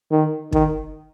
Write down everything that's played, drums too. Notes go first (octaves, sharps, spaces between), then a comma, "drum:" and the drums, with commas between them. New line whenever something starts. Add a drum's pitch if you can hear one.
D#3
D#3, drum: kick